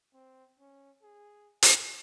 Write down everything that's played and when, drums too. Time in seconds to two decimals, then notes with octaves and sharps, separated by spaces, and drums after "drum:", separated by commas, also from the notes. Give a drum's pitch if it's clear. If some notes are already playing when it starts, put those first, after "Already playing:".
0.14 C4
0.60 C#4
1.02 G#4
1.63 G#5, drum: hi-hat